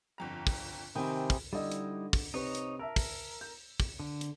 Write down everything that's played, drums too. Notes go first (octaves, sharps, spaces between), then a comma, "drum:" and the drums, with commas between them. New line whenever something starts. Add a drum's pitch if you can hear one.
G1 F2 A#5
drum: kick, open hi-hat
C3 D#3 C4 G5 G#5 B5 D#6
drum: kick, open hi-hat
D3 G3 D#4 E4 D5 D#5
drum: hi-hat
drum: kick, open hi-hat
C3 C4 D#4 B4 C#5
drum: hi-hat
A#4 E5 A5 E6
drum: kick, open hi-hat
G6
drum: kick, open hi-hat
D3
drum: hi-hat